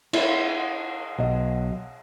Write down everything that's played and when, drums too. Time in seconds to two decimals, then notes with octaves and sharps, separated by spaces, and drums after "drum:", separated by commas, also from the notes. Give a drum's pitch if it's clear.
0.13 E4, drum: cymbal
1.18 B1 D#5